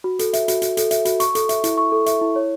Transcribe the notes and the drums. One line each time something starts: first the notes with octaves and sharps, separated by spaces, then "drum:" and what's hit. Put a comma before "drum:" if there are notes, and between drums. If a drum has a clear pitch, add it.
F#4
A4, drum: hi-hat
E5, drum: hi-hat
F#4, drum: hi-hat
F#4, drum: hi-hat
A4, drum: hi-hat
E5, drum: hi-hat
F#4, drum: hi-hat
C#6, drum: hi-hat
A4, drum: hi-hat
E5, drum: hi-hat
E4, drum: hi-hat
C#6
A4
E5, drum: hi-hat
E4
C#5